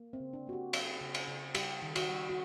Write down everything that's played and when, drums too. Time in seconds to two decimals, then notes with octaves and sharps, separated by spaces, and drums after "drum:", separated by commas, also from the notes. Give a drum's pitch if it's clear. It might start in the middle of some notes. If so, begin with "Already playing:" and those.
Already playing: A#3
0.13 C4
0.20 C#3
0.33 D4
0.47 A#3 F#4
0.53 G4
0.73 F#3, drum: cymbal
1.01 C#3
1.14 drum: cymbal
1.28 C#3
1.55 G3 G4, drum: cymbal
1.82 D#3
1.96 F#4, drum: cymbal
2.09 G3
2.29 F#4